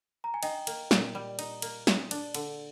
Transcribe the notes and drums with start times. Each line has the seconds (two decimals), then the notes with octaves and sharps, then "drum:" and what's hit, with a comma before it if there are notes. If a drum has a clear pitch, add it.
0.24 A#5
0.34 G#5
0.43 D#4 D#5 G5, drum: cymbal
0.67 A#3, drum: cymbal
0.91 A#2, drum: snare
1.15 G3
1.39 D#4, drum: cymbal
1.62 A#3, drum: cymbal
1.87 G#4, drum: snare
2.11 D4, drum: cymbal
2.35 D3, drum: cymbal